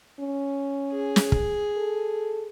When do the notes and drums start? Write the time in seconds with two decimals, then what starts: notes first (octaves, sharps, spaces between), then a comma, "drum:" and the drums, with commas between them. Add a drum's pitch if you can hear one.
0.20 C#4
0.92 G#4
1.16 drum: snare
1.32 drum: kick
1.77 A4